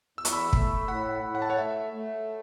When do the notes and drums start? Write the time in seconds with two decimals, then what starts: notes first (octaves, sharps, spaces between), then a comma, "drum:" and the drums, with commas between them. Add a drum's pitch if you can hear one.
0.18 E2 E6
0.25 C#6, drum: hi-hat
0.32 B5 E6
0.53 A3, drum: kick
0.88 A2 F#5 B5
1.23 A2
1.35 F#5
1.42 A5
1.49 C#5 F#5
1.58 A3 E5
1.93 A3